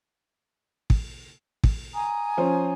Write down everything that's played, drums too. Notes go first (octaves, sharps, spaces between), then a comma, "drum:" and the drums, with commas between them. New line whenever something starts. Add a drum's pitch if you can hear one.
drum: kick
drum: kick
G#5 A#5 D#6
F3 C#4 C5